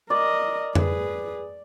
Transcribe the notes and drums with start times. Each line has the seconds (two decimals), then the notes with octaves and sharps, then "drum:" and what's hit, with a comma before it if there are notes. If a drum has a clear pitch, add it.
0.10 A#4 D5 D#5
0.75 G#4 B4, drum: tom F2